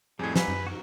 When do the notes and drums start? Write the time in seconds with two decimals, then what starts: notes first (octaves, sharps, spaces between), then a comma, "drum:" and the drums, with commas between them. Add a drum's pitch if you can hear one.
0.19 F2 A2 G3 C4 D#4 G#4
0.36 B4 G#5, drum: snare
0.48 F#2
0.67 F#4 A#4